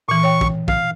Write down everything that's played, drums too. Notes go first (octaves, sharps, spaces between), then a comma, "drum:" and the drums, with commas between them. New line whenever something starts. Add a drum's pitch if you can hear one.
A#2 E3 C#6
C#5 G5
drum: kick
F5, drum: kick